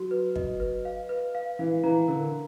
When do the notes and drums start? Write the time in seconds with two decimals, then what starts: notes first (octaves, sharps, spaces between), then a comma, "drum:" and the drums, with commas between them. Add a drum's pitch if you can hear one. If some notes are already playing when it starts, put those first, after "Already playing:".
Already playing: F#3 F#4
0.11 B4
0.36 D#5, drum: kick
0.60 B4
0.85 F5
1.09 B4
1.35 F5
1.59 E3 F5
1.84 E3 A#5
2.08 D3 A#4